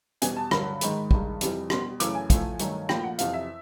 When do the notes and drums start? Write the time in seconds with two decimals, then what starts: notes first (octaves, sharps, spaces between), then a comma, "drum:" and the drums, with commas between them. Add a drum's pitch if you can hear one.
0.22 E2 B2 G3 G#5, drum: hi-hat
0.36 A5
0.51 G2 D3 F#3 B5, drum: rim click
0.81 G#2 D#3 G#3, drum: hi-hat
1.11 G2 D#3 G#3, drum: kick
1.41 F2 C3 E3 G3, drum: hi-hat
1.70 B2 G3 C6, drum: rim click
2.00 F#2 C#3 E3 A3 D6, drum: hi-hat
2.15 G#5
2.30 A2 F3 A3, drum: kick, hi-hat
2.59 G2 D#3 F#3 A3, drum: hi-hat
2.89 A#2 F3 A3 G5, drum: rim click
3.03 F#5
3.18 F2 C3 E3 F5, drum: hi-hat
3.33 E5